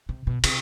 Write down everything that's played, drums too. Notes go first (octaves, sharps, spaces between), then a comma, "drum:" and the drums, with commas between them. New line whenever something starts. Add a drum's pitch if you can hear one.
C3
B2
C3, drum: cymbal